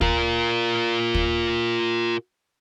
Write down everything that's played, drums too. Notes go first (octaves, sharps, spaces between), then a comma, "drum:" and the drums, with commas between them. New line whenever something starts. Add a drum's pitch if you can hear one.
F4 A#4, drum: kick
drum: kick